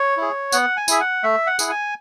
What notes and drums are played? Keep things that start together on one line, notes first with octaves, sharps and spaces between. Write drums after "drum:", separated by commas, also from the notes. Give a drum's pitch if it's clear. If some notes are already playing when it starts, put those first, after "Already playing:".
Already playing: C#5
E4 G#4
B3 F#5, drum: tambourine
G#5
E4 G#4 E5, drum: tambourine
F#5
A3 E5
F#5
E4 G#4, drum: tambourine
G#5